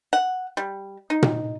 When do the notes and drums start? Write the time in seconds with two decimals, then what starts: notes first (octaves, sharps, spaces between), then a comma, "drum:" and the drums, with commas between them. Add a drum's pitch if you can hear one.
0.13 F#5
0.57 G3
1.10 D#4
1.23 drum: tom A#2